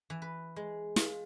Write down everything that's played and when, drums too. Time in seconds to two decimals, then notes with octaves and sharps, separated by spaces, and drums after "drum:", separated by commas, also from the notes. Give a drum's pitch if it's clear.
0.10 E3
0.22 B4
0.56 G#3
0.96 F4, drum: snare